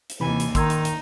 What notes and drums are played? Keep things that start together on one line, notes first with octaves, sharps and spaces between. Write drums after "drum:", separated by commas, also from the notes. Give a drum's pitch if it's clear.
drum: hi-hat
D#2 C3 E3 G#5 B5
drum: hi-hat
D#3 D#4 C6 E6 G#6, drum: kick, hi-hat
drum: hi-hat
drum: hi-hat